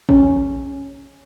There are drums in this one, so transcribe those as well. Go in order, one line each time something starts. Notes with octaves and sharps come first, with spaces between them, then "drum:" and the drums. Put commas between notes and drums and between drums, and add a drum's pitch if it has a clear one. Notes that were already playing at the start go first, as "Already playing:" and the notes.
C#4, drum: kick A1